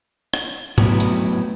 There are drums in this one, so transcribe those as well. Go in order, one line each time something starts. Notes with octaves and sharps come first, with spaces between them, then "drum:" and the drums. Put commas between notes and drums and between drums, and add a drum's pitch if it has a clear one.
drum: rim click
A2 F#3 B3, drum: tom G#2
drum: hi-hat